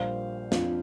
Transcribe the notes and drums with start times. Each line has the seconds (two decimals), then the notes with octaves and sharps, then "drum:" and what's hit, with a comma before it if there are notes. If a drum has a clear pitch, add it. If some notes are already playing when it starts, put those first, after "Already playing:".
Already playing: A#1 A#2 G3 C5 F5
0.52 F2 F3 D4 F4, drum: snare